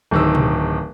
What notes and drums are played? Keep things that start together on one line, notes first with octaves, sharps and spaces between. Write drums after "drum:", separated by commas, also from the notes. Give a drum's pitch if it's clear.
D1 D#3 E6
drum: tom